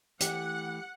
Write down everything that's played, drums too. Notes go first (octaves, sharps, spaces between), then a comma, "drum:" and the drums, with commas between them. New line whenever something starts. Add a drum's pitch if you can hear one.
E3 A3 G4 F#5, drum: hi-hat